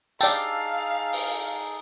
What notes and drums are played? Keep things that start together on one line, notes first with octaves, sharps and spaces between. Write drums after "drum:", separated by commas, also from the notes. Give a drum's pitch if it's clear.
D#4 G#4 D5 F5 G5 A5 E6 A6, drum: tambourine
drum: open hi-hat